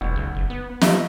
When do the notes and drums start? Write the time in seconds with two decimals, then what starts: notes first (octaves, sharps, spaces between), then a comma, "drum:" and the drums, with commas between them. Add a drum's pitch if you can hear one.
0.01 E1 B1
0.16 C#2
0.35 F#1
0.50 B3
0.81 G3 A3 D#4 E5, drum: snare